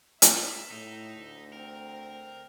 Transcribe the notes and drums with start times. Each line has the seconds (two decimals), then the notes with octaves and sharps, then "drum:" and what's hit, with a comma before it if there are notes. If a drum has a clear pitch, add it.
0.22 E5, drum: hi-hat
0.71 A2 D#4
1.18 D2
1.53 C4 A#4